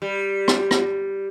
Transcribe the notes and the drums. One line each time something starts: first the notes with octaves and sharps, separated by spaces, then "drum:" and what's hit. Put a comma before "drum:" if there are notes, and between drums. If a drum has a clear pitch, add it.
G3
drum: rim click
drum: rim click